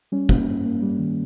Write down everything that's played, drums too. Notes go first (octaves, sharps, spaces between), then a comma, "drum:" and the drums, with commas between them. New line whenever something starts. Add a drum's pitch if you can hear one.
G3 C#4
A#3, drum: kick
G2
A#3
G3
D#3